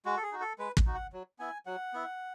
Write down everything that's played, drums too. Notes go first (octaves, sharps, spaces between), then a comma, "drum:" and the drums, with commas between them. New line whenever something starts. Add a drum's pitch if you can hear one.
G#3 F#4
A4
G#4
D#4 F#4
A4
G#3 B4
drum: kick
D#4 F#4
F#5
F#3
B3 E4 G#5
F#3 F#5
B3 E4